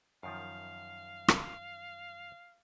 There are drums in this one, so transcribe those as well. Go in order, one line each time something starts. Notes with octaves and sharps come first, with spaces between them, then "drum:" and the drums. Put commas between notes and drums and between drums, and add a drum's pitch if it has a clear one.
F#2 D#3 F3 F5
drum: rim click